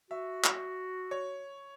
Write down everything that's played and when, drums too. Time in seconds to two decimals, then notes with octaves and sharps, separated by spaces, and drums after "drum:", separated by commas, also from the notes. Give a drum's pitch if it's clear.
0.11 F#4 E5
0.44 drum: clap
1.11 C#5